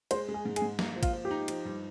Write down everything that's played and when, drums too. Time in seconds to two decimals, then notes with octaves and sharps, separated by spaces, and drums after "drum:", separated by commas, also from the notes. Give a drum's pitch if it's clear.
0.11 G#3 C5, drum: cymbal
0.29 G#3
0.34 G#4
0.45 G#2
0.56 G#4, drum: cymbal
0.62 G#2
0.79 A#3, drum: snare
0.96 F3
1.03 F4, drum: kick A1, cymbal
1.13 F3
1.25 G4
1.31 D#4
1.48 F3, drum: cymbal
1.65 G2